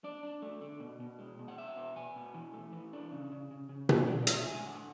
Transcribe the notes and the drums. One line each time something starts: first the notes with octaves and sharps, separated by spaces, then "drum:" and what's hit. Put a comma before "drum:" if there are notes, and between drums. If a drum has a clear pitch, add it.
D4 D5
D4
A3
D3
B2
B2
G#3
B2
F#5
B2 E5
B3
B3 G#5
B2
E3
A3
E3
D4
C#3
C#3
C#3
C#3
C#4 F#5, drum: tom B2
G#3 D5
G#3 E5, drum: hi-hat
A2 G#5
D3 F#5